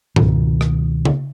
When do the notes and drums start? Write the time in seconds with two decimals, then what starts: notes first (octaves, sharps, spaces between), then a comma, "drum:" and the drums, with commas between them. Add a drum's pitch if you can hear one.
0.16 C#2 B2 D#3, drum: tom G#2
0.61 drum: rim click
1.05 drum: tom C#3